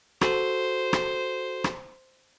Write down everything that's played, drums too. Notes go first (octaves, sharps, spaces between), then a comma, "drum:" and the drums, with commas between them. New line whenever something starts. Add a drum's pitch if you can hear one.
F#4 A4 C5, drum: rim click
drum: rim click
drum: rim click